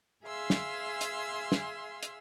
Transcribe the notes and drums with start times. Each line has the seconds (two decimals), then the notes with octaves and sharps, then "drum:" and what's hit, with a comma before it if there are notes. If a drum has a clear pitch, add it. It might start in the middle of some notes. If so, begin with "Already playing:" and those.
0.25 G#4 E5 F5 G#5 C6 E6
0.50 drum: snare
1.01 drum: hi-hat
1.52 drum: snare
2.03 drum: hi-hat